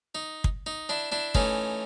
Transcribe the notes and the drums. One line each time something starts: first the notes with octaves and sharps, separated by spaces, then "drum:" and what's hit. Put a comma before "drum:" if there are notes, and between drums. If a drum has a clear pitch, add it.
D#4
drum: kick
D#4
D4 E4
D4 E4
E3 A3 C#4 D#4, drum: kick